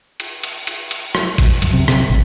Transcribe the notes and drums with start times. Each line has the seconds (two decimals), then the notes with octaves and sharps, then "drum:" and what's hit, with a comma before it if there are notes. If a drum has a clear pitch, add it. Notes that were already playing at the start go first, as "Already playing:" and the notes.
0.20 drum: cymbal
0.43 drum: cymbal
0.67 drum: cymbal
0.91 drum: cymbal
1.15 drum: rim click
1.38 drum: kick A1, cymbal
1.62 F#2, drum: cymbal
1.73 C3
1.88 C3, drum: rim click
2.10 A1